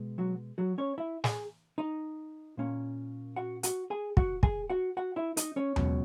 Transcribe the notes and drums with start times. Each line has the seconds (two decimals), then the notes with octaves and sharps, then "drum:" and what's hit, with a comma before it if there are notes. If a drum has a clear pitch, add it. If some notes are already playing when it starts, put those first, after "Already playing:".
Already playing: B2 G#3
0.18 F#3 F#4
0.58 F#3 F#4
0.78 C#4 C#5
0.98 E4 E5
1.24 G#4 G#5, drum: snare
1.78 D#4 D#5
2.57 A#2 A#3 C#4
3.36 F#4 F#5
3.63 F#4 F#5, drum: hi-hat
3.90 G#4 G#5
4.17 F#4 F#5, drum: kick
4.43 G#4 G#5, drum: kick
4.70 F#4 F#5
4.97 F#4 F#5
5.16 E4 E5
5.37 D#4 D#5, drum: hi-hat
5.56 C#4 C#5
5.76 C#2 B2 F#3 C#4, drum: tom D#2